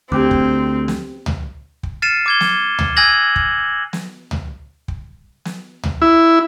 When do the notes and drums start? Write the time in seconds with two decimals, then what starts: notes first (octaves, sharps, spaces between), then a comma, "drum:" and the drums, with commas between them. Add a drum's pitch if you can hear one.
0.12 D2 C4 G4 G5 D6
0.31 drum: kick
0.88 drum: snare
1.26 drum: tom C#2
1.83 drum: kick
2.02 F6 A6 C7 C#7 D#7 E7
2.26 D6 G#6 G7
2.40 drum: snare
2.79 drum: tom C#2
2.96 G#5 E6 F#6 G#6 A#6 F#7
3.36 drum: kick
3.93 drum: snare
4.31 drum: tom C#2
4.88 drum: kick
5.45 drum: snare
5.83 drum: tom C#2
6.02 E4